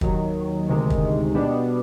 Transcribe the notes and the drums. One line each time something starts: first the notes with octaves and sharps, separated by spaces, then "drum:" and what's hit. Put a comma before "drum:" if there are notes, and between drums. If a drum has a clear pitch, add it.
D#2 D#3 F#3, drum: kick
D2 C3 D#3 G#3
drum: kick
B2 G3 B3 D4